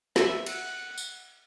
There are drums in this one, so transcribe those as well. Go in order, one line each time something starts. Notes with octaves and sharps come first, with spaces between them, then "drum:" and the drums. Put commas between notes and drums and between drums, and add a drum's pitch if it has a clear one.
E5, drum: snare
F#5, drum: cymbal
drum: tambourine